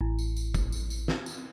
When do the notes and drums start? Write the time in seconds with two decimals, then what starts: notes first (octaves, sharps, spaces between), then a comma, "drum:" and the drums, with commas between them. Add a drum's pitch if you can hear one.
0.01 A1
0.19 drum: tambourine
0.37 drum: tambourine
0.54 drum: kick F1, tambourine
0.72 drum: tambourine
0.90 drum: tambourine
1.08 drum: snare
1.26 drum: tambourine